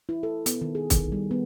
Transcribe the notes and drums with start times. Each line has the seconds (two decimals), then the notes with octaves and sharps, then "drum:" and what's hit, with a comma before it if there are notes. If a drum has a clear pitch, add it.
0.09 E4
0.23 A4
0.46 B3, drum: hi-hat
0.62 D#3
0.75 G#4
0.90 D#3, drum: kick, hi-hat
1.12 G3
1.31 B3